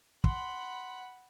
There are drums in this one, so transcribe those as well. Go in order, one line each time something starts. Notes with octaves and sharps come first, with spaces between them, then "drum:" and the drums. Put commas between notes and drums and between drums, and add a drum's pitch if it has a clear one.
F#5 B5 C6, drum: kick